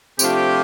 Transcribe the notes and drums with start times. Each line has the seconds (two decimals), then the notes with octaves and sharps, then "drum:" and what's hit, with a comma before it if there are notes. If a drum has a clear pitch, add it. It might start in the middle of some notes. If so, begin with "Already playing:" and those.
0.19 C3 F3 A3 D4 F4 G4, drum: tambourine